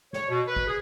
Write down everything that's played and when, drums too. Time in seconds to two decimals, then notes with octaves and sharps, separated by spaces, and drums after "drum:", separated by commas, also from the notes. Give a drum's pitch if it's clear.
0.13 C#5, drum: snare
0.29 B2
0.47 B4
0.56 drum: kick
0.67 G#4